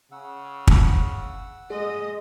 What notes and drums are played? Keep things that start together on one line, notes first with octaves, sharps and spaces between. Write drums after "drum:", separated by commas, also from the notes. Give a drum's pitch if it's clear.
C#3 F#5 E6
drum: kick
G#3 G#4 D#5